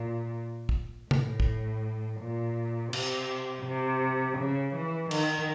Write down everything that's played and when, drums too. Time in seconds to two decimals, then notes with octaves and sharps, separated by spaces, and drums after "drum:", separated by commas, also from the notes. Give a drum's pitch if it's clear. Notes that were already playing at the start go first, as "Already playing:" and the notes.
Already playing: A#2
0.69 drum: kick
1.11 A2, drum: tom
1.40 drum: kick
2.20 A#2
2.93 C3, drum: cymbal
3.66 C3
4.38 C#3
4.75 E3
5.11 D#3, drum: cymbal